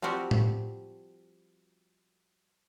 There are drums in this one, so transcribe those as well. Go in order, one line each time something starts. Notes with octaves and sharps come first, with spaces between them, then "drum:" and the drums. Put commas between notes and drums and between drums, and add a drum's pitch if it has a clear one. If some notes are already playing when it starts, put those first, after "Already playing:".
F3 G3 C4 F#4 G4
drum: tom A2